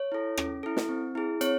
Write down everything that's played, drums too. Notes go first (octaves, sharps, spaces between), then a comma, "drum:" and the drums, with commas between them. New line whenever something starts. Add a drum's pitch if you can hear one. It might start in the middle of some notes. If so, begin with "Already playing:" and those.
Already playing: C#5
E4 A4
C#4, drum: rim click
E4 A4
drum: snare
C4
E4 G#4
C4 C#5, drum: hi-hat